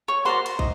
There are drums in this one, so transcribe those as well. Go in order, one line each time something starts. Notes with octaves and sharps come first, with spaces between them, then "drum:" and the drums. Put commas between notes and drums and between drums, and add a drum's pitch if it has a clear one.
C#5 C#6
F#4 A#4 C5 D5 C6
drum: cymbal
D#5, drum: kick